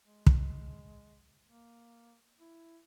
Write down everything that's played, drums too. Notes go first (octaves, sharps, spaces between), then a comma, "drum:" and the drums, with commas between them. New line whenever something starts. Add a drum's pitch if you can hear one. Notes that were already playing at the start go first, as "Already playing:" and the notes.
G#3
drum: kick
A#3
E4